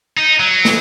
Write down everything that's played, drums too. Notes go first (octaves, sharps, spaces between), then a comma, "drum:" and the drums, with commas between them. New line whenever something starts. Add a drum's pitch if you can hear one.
D#4
F#3
drum: snare